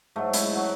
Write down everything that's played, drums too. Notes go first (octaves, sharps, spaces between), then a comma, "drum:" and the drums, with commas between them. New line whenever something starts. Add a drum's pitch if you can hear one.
G#2 F#3 A3
E4, drum: hi-hat
F#3